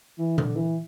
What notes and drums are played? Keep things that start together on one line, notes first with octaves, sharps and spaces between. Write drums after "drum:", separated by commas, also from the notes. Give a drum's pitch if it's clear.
E3
D3, drum: tom A#2
E3